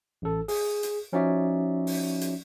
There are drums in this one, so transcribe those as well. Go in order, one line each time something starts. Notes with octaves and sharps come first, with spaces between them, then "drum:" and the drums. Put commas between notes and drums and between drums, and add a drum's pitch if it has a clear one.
A1 A4
G#4, drum: open hi-hat
drum: hi-hat
F3 C#4 D#4 F#4 D5 E5
drum: open hi-hat
drum: hi-hat